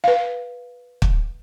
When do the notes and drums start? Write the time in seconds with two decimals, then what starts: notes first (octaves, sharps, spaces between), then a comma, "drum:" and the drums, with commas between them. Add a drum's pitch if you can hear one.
0.04 B4 F5
1.02 drum: kick